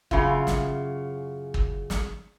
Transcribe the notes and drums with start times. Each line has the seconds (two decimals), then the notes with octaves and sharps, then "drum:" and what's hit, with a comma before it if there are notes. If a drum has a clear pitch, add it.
0.11 F#2 C#3 E4 F4, drum: kick
0.47 drum: snare
1.54 drum: kick
1.90 drum: snare